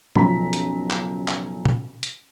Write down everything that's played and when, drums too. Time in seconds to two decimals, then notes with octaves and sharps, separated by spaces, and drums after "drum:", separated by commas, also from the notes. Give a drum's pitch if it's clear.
0.15 F#1 B1 F3 A#5 B6, drum: tom A#2
0.53 drum: hi-hat
0.90 drum: clap
1.28 drum: clap
1.65 drum: tom
2.03 drum: hi-hat